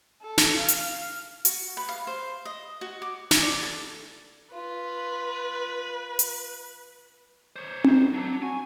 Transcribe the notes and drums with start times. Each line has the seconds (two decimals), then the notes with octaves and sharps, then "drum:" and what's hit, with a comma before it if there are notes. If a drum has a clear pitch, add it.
0.22 A4
0.38 drum: snare
0.57 F5
0.68 drum: hi-hat
1.45 F#4, drum: hi-hat
1.77 B4
1.89 F5
2.07 C5
2.45 D#5
2.81 F#4
3.02 D6
3.31 G#5, drum: snare
3.42 D5
3.63 A4
4.54 F4 B4
6.19 drum: hi-hat
7.56 C5 C#5
7.84 D#4, drum: tom C4
8.14 F#3 D4
8.42 F#4 G#5